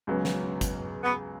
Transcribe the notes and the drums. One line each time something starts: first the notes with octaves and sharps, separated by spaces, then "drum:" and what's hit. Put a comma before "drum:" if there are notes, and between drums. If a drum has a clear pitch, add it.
C#2 C#3 F#3 B3
drum: snare
drum: kick, hi-hat
B2 B3